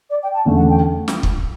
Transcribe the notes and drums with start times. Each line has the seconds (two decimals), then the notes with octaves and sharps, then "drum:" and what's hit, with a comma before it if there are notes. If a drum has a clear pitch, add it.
0.10 D5
0.23 G5
0.34 A5
0.45 E2 D3 A3 C#4
0.57 F#5
0.69 G5
1.08 drum: snare
1.23 drum: kick